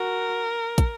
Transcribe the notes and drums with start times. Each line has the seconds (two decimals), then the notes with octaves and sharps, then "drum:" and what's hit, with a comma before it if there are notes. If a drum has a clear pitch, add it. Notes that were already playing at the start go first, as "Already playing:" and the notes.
Already playing: F#4 A#4
0.78 drum: kick, hi-hat